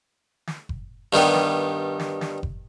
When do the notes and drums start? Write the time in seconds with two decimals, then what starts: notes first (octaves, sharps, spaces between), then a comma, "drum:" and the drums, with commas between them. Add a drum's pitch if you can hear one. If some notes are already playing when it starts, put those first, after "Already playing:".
0.47 drum: snare
0.69 drum: kick F#1
1.13 G2 D#3 G3 B3
1.34 drum: snare
1.99 drum: snare
2.21 drum: snare
2.43 drum: kick F#1